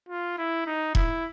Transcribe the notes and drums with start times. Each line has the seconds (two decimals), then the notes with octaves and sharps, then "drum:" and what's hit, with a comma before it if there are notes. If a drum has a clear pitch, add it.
0.09 F4
0.38 E4
0.66 D#4
0.95 E4, drum: kick E1